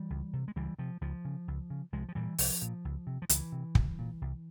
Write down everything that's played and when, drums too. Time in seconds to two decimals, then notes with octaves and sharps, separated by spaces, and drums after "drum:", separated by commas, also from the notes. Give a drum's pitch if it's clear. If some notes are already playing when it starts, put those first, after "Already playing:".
Already playing: E3 G3
0.10 C#2
0.33 C3
0.48 G#3
0.56 C#2 E3 G3
0.79 C3 F3
1.01 C#2 F3
1.25 C#3
1.48 C#2
1.70 C#3
1.92 C2 F3 G#3
2.09 F3
2.15 A#2 E3 G3
2.38 C2 F3, drum: open hi-hat
2.62 A#2
2.85 C#2
3.07 C3
3.22 F3
3.29 C#2 E3, drum: hi-hat
3.52 C3
3.75 C2, drum: kick
3.99 A#2
4.22 C2